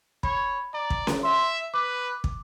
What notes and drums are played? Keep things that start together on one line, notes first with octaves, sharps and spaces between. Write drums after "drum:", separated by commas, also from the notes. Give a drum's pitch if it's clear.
C#5 B5, drum: kick
D5 A#5
drum: kick
drum: snare C#4
E5 C6
B4 D6
drum: kick